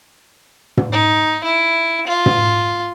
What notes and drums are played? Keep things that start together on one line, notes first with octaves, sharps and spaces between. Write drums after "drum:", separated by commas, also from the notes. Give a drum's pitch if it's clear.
drum: tom
D#4
E4
F4
drum: tom